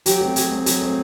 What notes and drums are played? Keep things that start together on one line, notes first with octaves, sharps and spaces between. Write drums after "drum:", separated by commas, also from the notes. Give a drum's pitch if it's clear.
F#3 G4, drum: hi-hat
A3 C4 G4
F#3 G#4, drum: hi-hat
A3 C4
F#3 G#4, drum: hi-hat
A3 C4